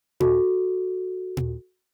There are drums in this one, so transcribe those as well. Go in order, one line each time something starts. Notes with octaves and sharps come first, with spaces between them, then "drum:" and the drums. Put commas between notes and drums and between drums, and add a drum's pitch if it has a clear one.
F#4 A4, drum: tom A#2
drum: tom A#2